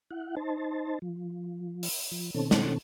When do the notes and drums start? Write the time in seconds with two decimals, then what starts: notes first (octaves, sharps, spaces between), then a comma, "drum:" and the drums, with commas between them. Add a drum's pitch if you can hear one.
0.11 E4 F#5
0.37 D#4 C5 A5
1.02 F3
1.83 drum: open hi-hat
2.11 F3
2.34 B2 D#3 C4 C#4 A4
2.51 drum: snare